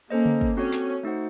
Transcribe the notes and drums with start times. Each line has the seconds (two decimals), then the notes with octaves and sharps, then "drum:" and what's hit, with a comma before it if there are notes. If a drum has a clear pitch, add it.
0.10 A#3 C#4 A4 C5 D#5
0.26 drum: tom C#3
0.41 drum: kick
0.57 C4 C#4 F#4 A4 C#5
0.72 drum: snare
1.03 A3 D#4 F#4 C5 F#5